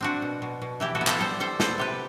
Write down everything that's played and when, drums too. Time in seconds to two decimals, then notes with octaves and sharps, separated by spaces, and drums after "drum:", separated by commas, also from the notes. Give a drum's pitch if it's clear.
0.01 C4 D4 F#4
0.22 B2
0.42 B2
0.62 B2
0.80 E3 E4 G4
0.95 F#4 A4
1.01 B3
1.07 A4 C5, drum: clap
1.19 G3 A4 C5
1.40 G3 A4 C5
1.60 B3 A4 C5, drum: snare
1.78 C3 G4 B4